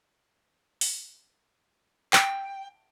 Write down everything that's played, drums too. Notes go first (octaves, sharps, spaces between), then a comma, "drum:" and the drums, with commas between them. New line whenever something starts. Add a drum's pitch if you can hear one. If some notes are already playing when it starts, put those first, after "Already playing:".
drum: open hi-hat
G5, drum: clap